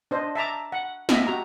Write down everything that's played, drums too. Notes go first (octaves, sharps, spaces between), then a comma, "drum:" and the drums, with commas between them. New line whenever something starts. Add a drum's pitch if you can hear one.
D4 C5 D#5
E5 A5 A#5 D6
F#5
D#5 E5, drum: snare
F#4 G4 A#5